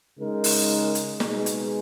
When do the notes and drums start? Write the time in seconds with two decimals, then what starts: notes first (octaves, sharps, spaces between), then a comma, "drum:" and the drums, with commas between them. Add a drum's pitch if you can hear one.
0.18 C#3 G#3 D#4 A#4
0.44 drum: open hi-hat
0.95 drum: hi-hat
1.20 B2 G#3 D#4 G#4, drum: snare
1.46 drum: hi-hat